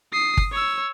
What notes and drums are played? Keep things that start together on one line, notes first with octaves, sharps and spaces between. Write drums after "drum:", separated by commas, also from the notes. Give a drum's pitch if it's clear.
D#6 C7
drum: kick G1
C#5 E6